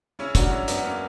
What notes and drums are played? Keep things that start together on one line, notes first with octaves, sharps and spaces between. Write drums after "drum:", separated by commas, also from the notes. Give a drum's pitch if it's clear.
C#3 C#4 E4
F#3 D4 F#4, drum: kick, hi-hat
F#3 C#4 E4
F#2 B3 D4, drum: hi-hat
A#3 C#4